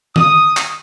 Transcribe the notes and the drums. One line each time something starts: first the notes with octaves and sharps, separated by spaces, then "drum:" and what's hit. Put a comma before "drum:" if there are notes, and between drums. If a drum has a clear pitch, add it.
D#6, drum: tom D#3
drum: clap